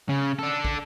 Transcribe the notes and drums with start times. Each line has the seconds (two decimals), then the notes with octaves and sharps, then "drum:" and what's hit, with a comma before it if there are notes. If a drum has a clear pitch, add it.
0.09 C#3
0.39 D4 A4
0.65 drum: kick